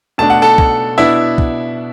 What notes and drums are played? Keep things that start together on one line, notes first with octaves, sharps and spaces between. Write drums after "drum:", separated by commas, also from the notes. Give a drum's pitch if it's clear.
B2 A3 D4 A5
F#5
A4 A5
drum: kick
B2 B3 D4 E4 E5
drum: kick